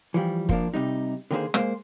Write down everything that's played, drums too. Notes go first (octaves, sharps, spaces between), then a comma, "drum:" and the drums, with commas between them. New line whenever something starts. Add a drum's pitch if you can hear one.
E3 F3 G3
F3 A#3 D4, drum: kick
C3 G3 D#4
D3 D#3 A#3 B3 G#4 C5
G#3 A#3 C5, drum: rim click